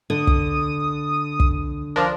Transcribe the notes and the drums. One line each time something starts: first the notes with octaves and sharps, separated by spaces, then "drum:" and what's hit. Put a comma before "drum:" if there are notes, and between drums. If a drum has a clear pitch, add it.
D3 D#6
drum: kick
drum: kick
F3 D4 A#4